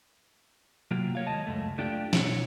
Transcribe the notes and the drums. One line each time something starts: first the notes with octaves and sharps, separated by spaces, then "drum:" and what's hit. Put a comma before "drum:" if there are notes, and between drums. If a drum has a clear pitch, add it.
C3 F#3 A#3 F4 G4
A#3 C#5 F5
D#2 G#3 D#5 A5
C#2 F#2 A3
A3 D4 F4 G4
B2 E4 C#5, drum: snare